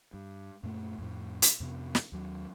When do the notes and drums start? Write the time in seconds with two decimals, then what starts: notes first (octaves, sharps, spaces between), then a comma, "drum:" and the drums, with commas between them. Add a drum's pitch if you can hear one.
0.14 G2
0.63 F#2 A#2 A3
0.99 F2 A2
1.42 drum: hi-hat
1.60 F2 C3 A#3 B3
1.95 drum: snare
2.12 D#2 F#3